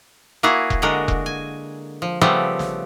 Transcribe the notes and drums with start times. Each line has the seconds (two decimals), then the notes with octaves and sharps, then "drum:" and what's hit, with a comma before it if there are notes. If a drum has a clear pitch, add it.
0.43 A#3 E4 F#4 G#4
0.70 drum: kick E1
0.82 D3 G#3 F#4 A#4
1.08 drum: kick E1
1.26 G#5
2.02 F3
2.21 C#3 F3 G3 A3 B3 C4
2.59 drum: snare